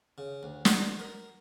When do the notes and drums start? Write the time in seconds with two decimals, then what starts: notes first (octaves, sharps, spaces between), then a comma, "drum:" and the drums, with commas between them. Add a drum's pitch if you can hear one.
0.18 C#3
0.43 D2
0.65 F#4, drum: snare
1.00 A#4